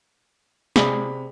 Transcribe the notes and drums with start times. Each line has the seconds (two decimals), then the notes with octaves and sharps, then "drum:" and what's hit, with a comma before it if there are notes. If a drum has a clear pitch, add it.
0.76 C3 G#4 D5 B5, drum: snare